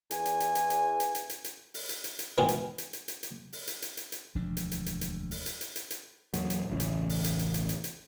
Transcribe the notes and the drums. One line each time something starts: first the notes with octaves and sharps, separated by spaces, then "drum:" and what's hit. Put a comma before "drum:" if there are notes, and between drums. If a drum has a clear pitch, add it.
E2 G#5, drum: hi-hat
drum: hi-hat
drum: hi-hat
drum: hi-hat
drum: hi-hat
drum: hi-hat
drum: hi-hat
drum: hi-hat
drum: hi-hat
drum: open hi-hat
drum: hi-hat
drum: hi-hat
drum: hi-hat
G#2 B2 D#3 E3 G#3
drum: hi-hat
drum: hi-hat
drum: hi-hat
drum: hi-hat
drum: hi-hat
drum: open hi-hat
drum: hi-hat
drum: hi-hat
drum: hi-hat
drum: hi-hat
E1 D2 F3 D4
drum: hi-hat
drum: hi-hat
drum: hi-hat
drum: hi-hat
drum: open hi-hat
drum: hi-hat
drum: hi-hat
drum: hi-hat
drum: hi-hat
E2 A#2 F#3, drum: hi-hat
drum: hi-hat
E1 A1 C#3 E3
drum: hi-hat
drum: open hi-hat
drum: hi-hat
drum: hi-hat
drum: hi-hat
drum: hi-hat
drum: hi-hat